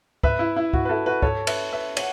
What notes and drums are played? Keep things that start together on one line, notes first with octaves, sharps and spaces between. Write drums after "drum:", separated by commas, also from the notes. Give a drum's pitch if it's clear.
B4 E5, drum: kick
E4
E4
F#4, drum: kick
B4
E4 A4
F#4 B4
A4 C#5, drum: kick
B4 E5, drum: cymbal
B4 E5
C#5 F#5, drum: cymbal